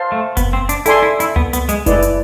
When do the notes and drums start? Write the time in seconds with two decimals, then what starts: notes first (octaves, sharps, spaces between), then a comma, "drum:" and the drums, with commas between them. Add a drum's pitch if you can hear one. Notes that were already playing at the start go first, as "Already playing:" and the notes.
Already playing: C5 F5 A5 C6
0.12 A3
0.37 B3, drum: kick F#1, hi-hat
0.53 C4
0.69 D4, drum: hi-hat
0.86 E4 A4 D5 G#5 C6, drum: hi-hat
1.02 E4
1.20 E4, drum: hi-hat
1.36 B3, drum: tom C#2
1.53 B3, drum: hi-hat
1.69 G#3, drum: hi-hat
1.86 G#3 E4 B4 D5, drum: kick F#1, hi-hat
2.02 drum: hi-hat